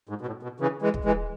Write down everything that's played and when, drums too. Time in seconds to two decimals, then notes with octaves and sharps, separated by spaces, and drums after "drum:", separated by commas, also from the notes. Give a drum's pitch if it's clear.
0.09 G#2
0.21 B2
0.26 A2
0.43 B2
0.60 C#3 E3
0.82 E3 G#3
0.94 drum: kick
1.05 E3 G#3